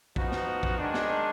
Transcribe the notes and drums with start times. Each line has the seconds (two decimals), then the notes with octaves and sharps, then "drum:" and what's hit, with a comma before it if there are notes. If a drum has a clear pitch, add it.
0.16 F3 B3 D#4 F#4, drum: kick A#1
0.32 drum: snare
0.63 drum: kick A#1
0.79 D#3 G#3 D4
0.94 drum: snare